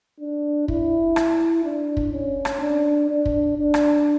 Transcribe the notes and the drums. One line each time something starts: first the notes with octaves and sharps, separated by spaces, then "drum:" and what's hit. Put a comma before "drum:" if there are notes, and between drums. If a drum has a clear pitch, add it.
D4
E4, drum: kick
drum: rim click
D4
drum: kick
C#4
drum: rim click
D4
D4
drum: kick
D4
drum: rim click